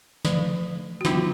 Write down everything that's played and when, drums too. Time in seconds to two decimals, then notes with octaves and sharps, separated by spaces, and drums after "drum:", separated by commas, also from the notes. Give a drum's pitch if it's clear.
0.25 D3 F3 A3, drum: snare
1.01 F#4
1.05 D3 F#3 B3 D4 D#4 F4, drum: snare